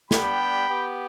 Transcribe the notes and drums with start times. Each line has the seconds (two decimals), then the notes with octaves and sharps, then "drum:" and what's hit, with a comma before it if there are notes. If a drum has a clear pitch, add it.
0.11 G3 B3 D4 G4 G5 B5, drum: snare
0.68 B3 G4